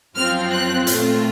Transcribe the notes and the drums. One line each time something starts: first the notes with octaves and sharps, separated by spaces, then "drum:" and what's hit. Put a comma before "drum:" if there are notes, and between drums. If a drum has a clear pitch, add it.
F#2 F3 C4 F4 F6
F#6
A#2 A3 C4 F4, drum: hi-hat